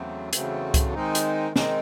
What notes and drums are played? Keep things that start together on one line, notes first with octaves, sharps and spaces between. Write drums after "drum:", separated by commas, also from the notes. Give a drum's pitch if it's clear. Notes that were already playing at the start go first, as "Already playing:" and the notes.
Already playing: E2 C#3 F#3 A3 C4
E2 C#3 F#3 A3 C4, drum: hi-hat
drum: kick C2, hi-hat
D#3 G#3 C4 D#4
drum: hi-hat
D#3 G#3 C4 D#4, drum: snare